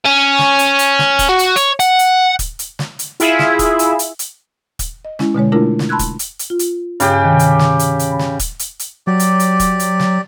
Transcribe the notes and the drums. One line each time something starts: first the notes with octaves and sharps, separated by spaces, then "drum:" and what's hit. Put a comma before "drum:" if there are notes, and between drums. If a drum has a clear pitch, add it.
C#4
drum: snare
drum: hi-hat
drum: hi-hat
drum: snare
drum: kick, hi-hat
F#4
drum: hi-hat
C#5, drum: hi-hat
F#5, drum: hi-hat
drum: hi-hat
drum: kick, hi-hat
drum: hi-hat
drum: snare
drum: hi-hat
E4 F4 G#4 E5, drum: hi-hat
drum: snare
drum: kick, hi-hat
drum: hi-hat
drum: hi-hat
drum: hi-hat
drum: kick, hi-hat
D#5
G#3 C#4 E4, drum: snare
B2 D3 G#3 C#5
A3 D4 E4 F4 A#4
drum: snare
A5 B5 C6 E6 F#6 G#6
drum: kick, hi-hat
drum: hi-hat
drum: hi-hat
F4
drum: hi-hat
G2 C#3 G4, drum: hi-hat
C3 D#3
drum: hi-hat
drum: snare
drum: hi-hat
drum: hi-hat
B5
drum: snare
drum: kick, hi-hat
drum: hi-hat
drum: hi-hat
F#3 G4 D5
drum: hi-hat
drum: hi-hat
drum: kick, hi-hat
drum: hi-hat
drum: snare